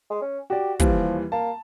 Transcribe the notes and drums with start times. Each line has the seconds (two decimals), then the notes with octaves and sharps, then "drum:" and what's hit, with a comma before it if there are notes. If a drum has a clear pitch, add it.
0.10 G#3
0.21 C#4
0.50 F#4 G4 D5
0.79 D#2 E3 F3 G3, drum: kick, hi-hat
1.32 A#3 A5